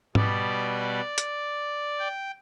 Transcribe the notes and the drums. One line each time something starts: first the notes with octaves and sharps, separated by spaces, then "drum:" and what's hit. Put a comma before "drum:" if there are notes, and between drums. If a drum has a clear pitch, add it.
B2 G3 B3 D5, drum: tom G#2
drum: hi-hat
G5